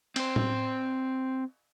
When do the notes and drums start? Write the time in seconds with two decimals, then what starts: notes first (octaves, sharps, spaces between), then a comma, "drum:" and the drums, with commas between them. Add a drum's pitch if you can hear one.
0.16 C4 C5, drum: cymbal
0.36 drum: tom A2